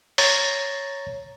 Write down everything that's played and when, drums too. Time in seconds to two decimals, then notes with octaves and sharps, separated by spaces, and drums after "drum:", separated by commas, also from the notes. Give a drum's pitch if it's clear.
0.18 C#5 A#5 C#6 A6 A#6, drum: open hi-hat